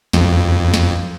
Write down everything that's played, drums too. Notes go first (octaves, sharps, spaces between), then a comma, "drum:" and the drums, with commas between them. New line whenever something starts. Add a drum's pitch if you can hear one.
F2, drum: snare
drum: snare